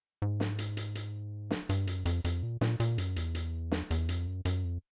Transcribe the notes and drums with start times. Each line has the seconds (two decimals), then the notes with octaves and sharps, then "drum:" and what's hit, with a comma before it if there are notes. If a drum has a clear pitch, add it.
0.22 G#2
0.40 drum: snare
0.59 drum: hi-hat
0.77 drum: hi-hat
0.95 drum: hi-hat
1.51 drum: snare
1.69 G2, drum: hi-hat
1.87 F#2, drum: hi-hat
2.05 F2, drum: hi-hat
2.24 F2, drum: hi-hat
2.43 A#2
2.61 A#2, drum: snare
2.80 A#2, drum: hi-hat
2.98 F#2, drum: hi-hat
3.16 E2, drum: hi-hat
3.35 drum: hi-hat
3.72 drum: snare
3.91 E2, drum: hi-hat
4.09 F2, drum: hi-hat
4.27 F#2
4.45 F#2, drum: hi-hat
4.64 F2